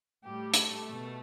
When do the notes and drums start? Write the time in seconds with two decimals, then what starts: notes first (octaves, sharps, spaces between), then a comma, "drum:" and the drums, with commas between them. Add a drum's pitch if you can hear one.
0.23 A2 G3 G4
0.54 A3 A4, drum: hi-hat
0.84 B2 A3